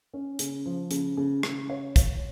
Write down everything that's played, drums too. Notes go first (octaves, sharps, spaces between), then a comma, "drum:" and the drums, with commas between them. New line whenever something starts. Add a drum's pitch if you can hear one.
C#4
C#3, drum: hi-hat
F3
C#3, drum: hi-hat
C#3
C#3, drum: rim click
C#5
C#5, drum: kick, hi-hat